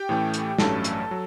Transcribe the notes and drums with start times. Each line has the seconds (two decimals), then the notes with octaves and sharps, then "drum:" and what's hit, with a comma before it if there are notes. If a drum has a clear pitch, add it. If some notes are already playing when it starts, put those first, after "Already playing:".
Already playing: G4 G5
0.09 A2 E3 A3 C#4
0.34 drum: hi-hat
0.58 A1 G2 F#3 A3 C#4 A4 A5, drum: snare
0.84 drum: hi-hat
1.11 F#3